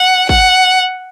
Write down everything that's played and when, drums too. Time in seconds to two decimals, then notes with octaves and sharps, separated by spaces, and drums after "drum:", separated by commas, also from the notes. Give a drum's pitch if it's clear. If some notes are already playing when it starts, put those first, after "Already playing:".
Already playing: F#5
0.29 F#5, drum: kick